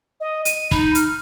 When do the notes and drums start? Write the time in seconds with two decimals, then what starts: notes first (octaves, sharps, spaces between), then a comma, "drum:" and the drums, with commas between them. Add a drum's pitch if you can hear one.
0.20 D#5
0.45 D#7, drum: hi-hat
0.71 D#4 B5, drum: kick
0.95 F6, drum: hi-hat